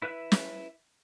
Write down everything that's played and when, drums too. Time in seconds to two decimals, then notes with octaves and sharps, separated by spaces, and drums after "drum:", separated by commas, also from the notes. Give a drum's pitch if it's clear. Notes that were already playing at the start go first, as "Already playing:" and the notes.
0.02 E4 B4 E5 F#6
0.32 drum: snare